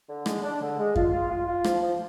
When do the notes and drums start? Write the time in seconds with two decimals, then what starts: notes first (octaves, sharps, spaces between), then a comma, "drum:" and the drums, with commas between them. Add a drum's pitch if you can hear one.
0.09 D3
0.26 G#3, drum: rim click
0.43 D4
0.61 D3
0.78 G#3
0.96 F4, drum: kick F#2
1.13 F4
1.30 F4
1.47 F4
1.64 F3, drum: rim click
1.82 F3